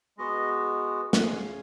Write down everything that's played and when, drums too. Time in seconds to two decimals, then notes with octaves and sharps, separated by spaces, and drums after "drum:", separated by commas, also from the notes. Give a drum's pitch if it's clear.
0.18 G#3 B3 F#4 D#5
1.13 F#5, drum: snare
1.21 C#4 G#4 F5